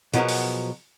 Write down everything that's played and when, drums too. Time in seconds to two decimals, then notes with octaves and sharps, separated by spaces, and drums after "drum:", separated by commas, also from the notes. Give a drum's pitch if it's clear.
0.14 B2 F3 F#3 B3 G#4 A#4, drum: hi-hat
0.29 drum: open hi-hat